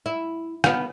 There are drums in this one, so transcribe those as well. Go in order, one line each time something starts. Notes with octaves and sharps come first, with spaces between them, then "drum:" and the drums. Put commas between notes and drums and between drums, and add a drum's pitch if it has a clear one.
E4
B3 F5, drum: rim click